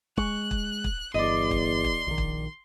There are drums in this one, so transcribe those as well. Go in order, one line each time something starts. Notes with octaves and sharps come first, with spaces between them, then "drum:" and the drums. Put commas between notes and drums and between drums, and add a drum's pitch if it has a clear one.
G#3 C#6 F#6, drum: kick
drum: kick
drum: kick
G1 E2 D5 D#5 C6
drum: kick
drum: kick
A#1 D#3
drum: kick